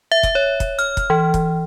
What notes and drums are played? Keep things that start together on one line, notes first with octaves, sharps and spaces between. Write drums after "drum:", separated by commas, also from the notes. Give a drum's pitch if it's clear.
E5
drum: kick, hi-hat
C#5
drum: kick, hi-hat
F6, drum: hi-hat
drum: kick, hi-hat
E3
drum: kick, hi-hat